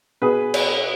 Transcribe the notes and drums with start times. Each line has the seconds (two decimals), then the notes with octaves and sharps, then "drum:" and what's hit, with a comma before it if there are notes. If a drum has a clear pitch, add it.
0.22 B2 G#4 B4
0.54 drum: cymbal